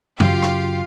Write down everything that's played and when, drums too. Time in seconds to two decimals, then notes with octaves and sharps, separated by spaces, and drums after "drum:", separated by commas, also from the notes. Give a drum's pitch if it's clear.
0.20 F#2 C#3 F#3 F4 G4 F5, drum: tom F#2
0.42 drum: rim click